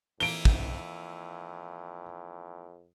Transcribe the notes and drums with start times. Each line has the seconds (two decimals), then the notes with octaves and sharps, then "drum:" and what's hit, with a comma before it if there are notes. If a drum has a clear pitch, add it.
0.20 F2 E3 A#3 D7 G7, drum: open hi-hat
0.45 drum: kick